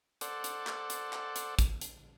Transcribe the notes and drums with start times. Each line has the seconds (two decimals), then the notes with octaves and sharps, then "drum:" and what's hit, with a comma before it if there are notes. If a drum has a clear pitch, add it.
0.21 A4 C5 D5 F#5, drum: hi-hat
0.44 drum: hi-hat
0.67 drum: clap
0.90 drum: hi-hat
1.13 drum: clap
1.36 drum: hi-hat
1.59 drum: kick, hi-hat
1.81 drum: hi-hat